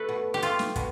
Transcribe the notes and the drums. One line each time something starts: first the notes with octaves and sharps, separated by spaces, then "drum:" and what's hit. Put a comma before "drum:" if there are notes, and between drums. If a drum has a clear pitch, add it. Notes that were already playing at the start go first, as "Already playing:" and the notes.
Already playing: A3 A4 B4
B2
G4
A3 F4, drum: hi-hat
drum: snare
B2, drum: kick, hi-hat